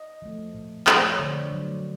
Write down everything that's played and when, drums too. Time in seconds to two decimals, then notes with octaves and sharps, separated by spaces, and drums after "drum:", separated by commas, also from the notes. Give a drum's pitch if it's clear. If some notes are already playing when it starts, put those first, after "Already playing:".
Already playing: D#5
0.22 F3 A3
0.54 A#2
0.87 F3 A3, drum: clap
0.95 C5
1.07 C#5
1.19 D3 D5
1.52 F#3 A3